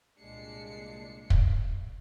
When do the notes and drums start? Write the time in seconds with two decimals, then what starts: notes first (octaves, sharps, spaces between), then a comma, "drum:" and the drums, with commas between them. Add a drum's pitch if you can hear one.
0.19 C2 A#2 G#3 D4 C7 C#7
1.30 drum: kick